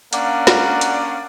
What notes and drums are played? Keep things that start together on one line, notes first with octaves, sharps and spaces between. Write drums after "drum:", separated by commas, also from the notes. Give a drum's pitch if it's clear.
A#3 C#4 D4 D5 F5 F#5, drum: hi-hat
drum: snare
drum: hi-hat